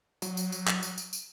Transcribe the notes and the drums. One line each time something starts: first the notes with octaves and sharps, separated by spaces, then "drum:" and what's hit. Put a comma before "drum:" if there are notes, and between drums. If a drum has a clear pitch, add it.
F#3, drum: tambourine
drum: tambourine
drum: tambourine
drum: clap
drum: tambourine
drum: tambourine
drum: tambourine